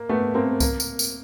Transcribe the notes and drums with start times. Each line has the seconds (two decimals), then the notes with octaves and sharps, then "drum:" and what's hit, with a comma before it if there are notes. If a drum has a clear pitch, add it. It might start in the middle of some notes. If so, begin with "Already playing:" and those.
Already playing: A#3
0.09 A3 B3
0.34 A#3 C4
0.60 A#3, drum: kick C2, tambourine
0.80 drum: tambourine
0.99 drum: tambourine